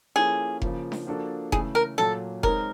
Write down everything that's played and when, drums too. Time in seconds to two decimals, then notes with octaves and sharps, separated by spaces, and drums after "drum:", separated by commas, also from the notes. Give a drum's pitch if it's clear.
0.16 F3 A#3 C#4 E4 G#4 A4
0.62 C#3 F3 A#3, drum: kick F1
0.92 drum: snare D4
1.06 F3 A#3 D4 F#4 A4
1.52 C#3 E3 A3 G#4, drum: kick F1
1.75 A#4
1.98 A#2 F#3 A#3 A4
2.43 G#3 C4 D#4 G#4 A#4 C#5, drum: kick F1